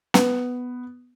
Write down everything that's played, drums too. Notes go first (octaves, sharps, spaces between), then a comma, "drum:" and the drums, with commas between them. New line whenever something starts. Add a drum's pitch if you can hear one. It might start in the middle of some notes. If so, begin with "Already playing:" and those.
B3, drum: snare